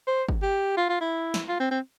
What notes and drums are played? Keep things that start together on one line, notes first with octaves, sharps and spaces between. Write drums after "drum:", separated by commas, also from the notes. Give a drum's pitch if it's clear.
C5
drum: kick
G4
F4
F4
E4
drum: snare
F4
C4
C4